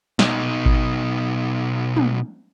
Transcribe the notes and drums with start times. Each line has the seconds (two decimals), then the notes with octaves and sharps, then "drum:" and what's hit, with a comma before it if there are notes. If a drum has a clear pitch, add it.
0.19 B2 D#4, drum: snare
0.66 drum: kick G#1
1.97 drum: tom